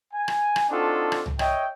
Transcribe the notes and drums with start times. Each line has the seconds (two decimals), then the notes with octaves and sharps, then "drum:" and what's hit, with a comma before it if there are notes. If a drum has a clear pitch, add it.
0.14 G#5
0.28 drum: rim click
0.56 drum: rim click
0.70 C4 D4 D#4 F4 F#4 A4
1.12 drum: rim click
1.26 drum: tom C2
1.39 C#5 D#5 E5 G5, drum: rim click